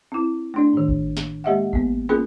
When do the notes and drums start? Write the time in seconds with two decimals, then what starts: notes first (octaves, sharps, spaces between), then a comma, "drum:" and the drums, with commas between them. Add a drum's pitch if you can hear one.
0.12 C4 E4
0.54 A3 D4 D5
0.73 A2 D#3
0.88 drum: kick G#1
1.17 drum: snare
1.44 G#3 A#3 G4 D#5 E5 F#5
1.73 A#3 B3, drum: kick G#1
2.09 A#3 C#4 F4 G#4 A#4